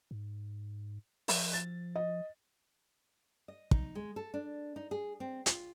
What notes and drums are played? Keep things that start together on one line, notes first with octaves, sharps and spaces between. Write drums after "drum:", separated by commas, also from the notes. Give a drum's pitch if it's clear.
G#2
F3, drum: open hi-hat
A6
D#5
D#5
D#4, drum: kick
G#3
A4
D4
D#4
G#4
C4
F4, drum: hi-hat